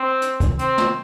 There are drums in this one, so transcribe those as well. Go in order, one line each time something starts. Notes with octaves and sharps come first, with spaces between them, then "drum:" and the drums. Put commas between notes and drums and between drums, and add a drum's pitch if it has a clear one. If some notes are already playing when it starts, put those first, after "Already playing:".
Already playing: C4
drum: hi-hat
drum: kick, hi-hat
C4, drum: hi-hat
drum: snare